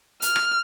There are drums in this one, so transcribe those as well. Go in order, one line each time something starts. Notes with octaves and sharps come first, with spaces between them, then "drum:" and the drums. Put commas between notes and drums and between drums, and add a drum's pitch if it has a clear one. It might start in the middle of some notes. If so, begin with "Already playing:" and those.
F6, drum: hi-hat
drum: rim click